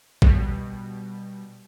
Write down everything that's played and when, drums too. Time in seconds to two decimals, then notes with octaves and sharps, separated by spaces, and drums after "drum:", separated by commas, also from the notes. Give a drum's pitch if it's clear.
0.22 B2 G3, drum: kick A#1